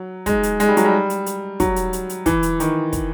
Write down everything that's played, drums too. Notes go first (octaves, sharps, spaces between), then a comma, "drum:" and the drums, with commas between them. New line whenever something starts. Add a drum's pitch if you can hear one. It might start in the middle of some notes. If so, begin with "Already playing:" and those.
Already playing: F#3
G#3, drum: kick, hi-hat
drum: hi-hat
G#3, drum: hi-hat
G3
F#3, drum: hi-hat
G3
drum: hi-hat
drum: hi-hat
F#3, drum: kick, hi-hat
drum: hi-hat
drum: hi-hat
drum: hi-hat
E3, drum: kick, hi-hat
drum: hi-hat
D#3, drum: hi-hat
drum: kick, hi-hat